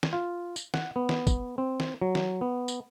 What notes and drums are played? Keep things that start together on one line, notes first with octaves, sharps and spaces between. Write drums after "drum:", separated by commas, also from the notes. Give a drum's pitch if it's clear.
drum: snare
F4
drum: tambourine
F#5, drum: snare
B3
drum: snare
drum: kick, tambourine
C4
drum: snare
F#3
drum: snare
B3
drum: tambourine